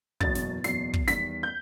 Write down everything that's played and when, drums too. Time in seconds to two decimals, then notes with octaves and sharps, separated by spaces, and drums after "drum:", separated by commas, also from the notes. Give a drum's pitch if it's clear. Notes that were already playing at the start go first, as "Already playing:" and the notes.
0.20 F#1 E2 B2 F#3 A6, drum: kick
0.35 drum: snare
0.64 F#1 E2 B2 F#3 C7, drum: snare
0.94 drum: kick
1.08 E2 D#3 G3 B6, drum: snare
1.43 G6